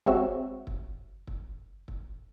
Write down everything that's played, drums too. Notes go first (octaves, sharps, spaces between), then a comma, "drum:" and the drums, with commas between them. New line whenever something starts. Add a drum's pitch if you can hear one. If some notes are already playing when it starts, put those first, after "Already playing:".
G#3 C4 F#4 G4 C#5 E5, drum: kick
drum: kick
drum: kick
drum: kick